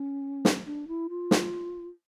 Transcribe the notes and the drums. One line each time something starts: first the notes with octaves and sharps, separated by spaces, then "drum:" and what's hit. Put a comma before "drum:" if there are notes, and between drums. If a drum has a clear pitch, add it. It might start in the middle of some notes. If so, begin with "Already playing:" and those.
Already playing: C#4
drum: snare
D4
E4
F4
drum: snare